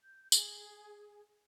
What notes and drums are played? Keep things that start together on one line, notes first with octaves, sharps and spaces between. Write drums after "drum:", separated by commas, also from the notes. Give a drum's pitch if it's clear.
G6
G#4, drum: tambourine